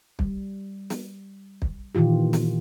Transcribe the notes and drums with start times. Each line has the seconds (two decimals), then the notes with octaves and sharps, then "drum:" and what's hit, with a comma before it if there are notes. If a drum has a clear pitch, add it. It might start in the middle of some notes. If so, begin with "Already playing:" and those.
0.19 G3, drum: kick
0.90 drum: snare
1.62 drum: kick
1.95 A#2 D#3 E3 F4 G4
2.33 drum: snare